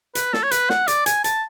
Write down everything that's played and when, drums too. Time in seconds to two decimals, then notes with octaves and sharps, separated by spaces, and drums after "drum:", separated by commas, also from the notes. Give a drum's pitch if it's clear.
0.15 B4, drum: hi-hat
0.33 A4, drum: snare
0.43 C#5
0.51 B4, drum: hi-hat
0.70 F#5, drum: snare
0.88 D5, drum: hi-hat
1.06 G#5, drum: hi-hat
1.24 A5, drum: hi-hat